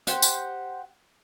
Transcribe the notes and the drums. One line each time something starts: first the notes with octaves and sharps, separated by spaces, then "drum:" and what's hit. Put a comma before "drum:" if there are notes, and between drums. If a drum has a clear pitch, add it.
G4 C5 F#5, drum: hi-hat
drum: tambourine